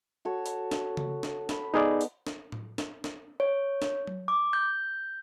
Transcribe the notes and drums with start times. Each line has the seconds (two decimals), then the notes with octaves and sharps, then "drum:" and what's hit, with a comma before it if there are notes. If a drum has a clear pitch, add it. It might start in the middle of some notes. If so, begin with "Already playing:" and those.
0.25 F#4 A4 C#5
0.46 drum: hi-hat
0.71 drum: snare
0.97 drum: tom C#3
1.23 drum: snare
1.49 B5, drum: snare
1.74 B3 D#4 G#4 D5 D#5
2.01 drum: hi-hat
2.27 drum: snare
2.52 drum: tom A2
2.78 drum: snare
3.04 drum: snare
3.40 C#5
3.82 drum: snare
4.07 drum: tom F#3
4.28 D6
4.53 G6